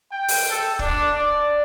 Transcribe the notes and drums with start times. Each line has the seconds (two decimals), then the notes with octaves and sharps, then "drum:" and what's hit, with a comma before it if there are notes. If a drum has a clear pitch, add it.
0.12 G5
0.28 drum: open hi-hat
0.50 A4
0.79 D4, drum: kick
1.14 D5